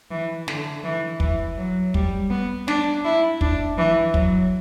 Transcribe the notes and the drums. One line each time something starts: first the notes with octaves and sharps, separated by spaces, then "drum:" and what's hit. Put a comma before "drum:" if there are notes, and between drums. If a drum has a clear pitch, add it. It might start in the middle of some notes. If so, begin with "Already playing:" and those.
E3
D3, drum: snare
E3
E3, drum: kick
F#3
G3, drum: kick
B3
D4, drum: snare
E4
D4, drum: kick
E3
F#3, drum: kick